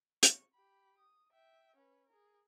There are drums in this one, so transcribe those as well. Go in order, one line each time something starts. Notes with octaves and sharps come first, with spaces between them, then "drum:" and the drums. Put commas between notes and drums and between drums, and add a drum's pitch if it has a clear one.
C#6, drum: hi-hat
G4 B5
D#6
E5 G5
C#4 B4
G#4 A#4